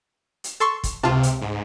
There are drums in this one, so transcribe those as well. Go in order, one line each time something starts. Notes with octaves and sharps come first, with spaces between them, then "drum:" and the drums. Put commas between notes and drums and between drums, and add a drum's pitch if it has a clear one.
drum: hi-hat
A4 C6 C#6
drum: kick, hi-hat
C#2 C3 F4 A5
drum: hi-hat
G#2